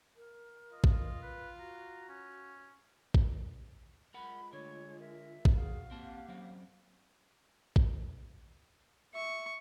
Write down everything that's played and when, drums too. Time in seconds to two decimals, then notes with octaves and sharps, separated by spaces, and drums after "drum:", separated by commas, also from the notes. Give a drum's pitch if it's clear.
0.16 A#4
0.72 F4 D#5
0.84 drum: kick A1
1.22 B4
1.59 F#4 A#5
2.09 C#4
3.14 drum: kick A1
4.14 G#3 F4 A#4 F#5 B5
4.53 D3 A3 C#5
5.00 A#4 E5
5.45 drum: kick A1
5.55 F#4 G#4 F5
5.91 A#3 C4 G4 F#5 A5
6.28 F#3 C4 C#4
7.76 drum: kick A1
9.15 E5 C#6